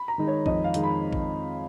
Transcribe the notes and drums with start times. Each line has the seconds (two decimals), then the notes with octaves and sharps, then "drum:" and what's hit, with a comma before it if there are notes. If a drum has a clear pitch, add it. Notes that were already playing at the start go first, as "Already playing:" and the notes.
Already playing: B5
0.08 A#5
0.18 D#3 G#3 D#4
0.27 C#5
0.46 F2 D#5, drum: kick
0.64 F5
0.74 D#3 G#3 D#4, drum: hi-hat
0.83 B5
1.13 drum: kick